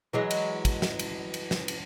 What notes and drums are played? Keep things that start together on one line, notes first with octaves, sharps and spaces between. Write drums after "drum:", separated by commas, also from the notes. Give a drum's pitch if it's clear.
E3 F#3 G#3
drum: cymbal
drum: kick, cymbal
drum: snare
drum: cymbal
drum: cymbal
drum: snare
drum: cymbal